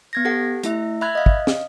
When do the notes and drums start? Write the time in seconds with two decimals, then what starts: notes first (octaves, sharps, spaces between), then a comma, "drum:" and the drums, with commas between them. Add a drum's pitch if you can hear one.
0.13 B3 G#6 A#6
0.25 G4 A4 F#5
0.63 A3 E4 E5, drum: hi-hat
1.01 E5 B5 F#6 G#6
1.15 D#5 F5
1.26 drum: kick
1.47 drum: snare